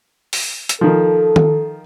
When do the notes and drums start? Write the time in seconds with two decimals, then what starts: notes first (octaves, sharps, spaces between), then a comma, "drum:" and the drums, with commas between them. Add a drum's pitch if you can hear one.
0.33 drum: open hi-hat
0.69 drum: hi-hat
0.81 D#3 F3 A4
1.36 drum: tom D#3